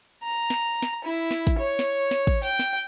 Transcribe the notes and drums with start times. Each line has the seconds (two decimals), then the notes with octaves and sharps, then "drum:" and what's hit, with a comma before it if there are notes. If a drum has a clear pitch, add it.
0.23 A#5
0.50 drum: snare
0.82 drum: snare
1.04 E4
1.31 drum: snare
1.47 drum: kick, hi-hat
1.59 C#5
1.79 drum: snare
2.11 drum: snare
2.27 drum: kick
2.43 G5, drum: hi-hat
2.59 drum: snare